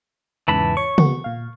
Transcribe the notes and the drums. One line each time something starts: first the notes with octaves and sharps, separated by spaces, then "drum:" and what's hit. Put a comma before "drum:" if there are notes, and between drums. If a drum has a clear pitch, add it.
E2 G#2 C#3 E3 A5 B5
C#5 C#6
A#3 B3 F#4, drum: tom
A#2 F5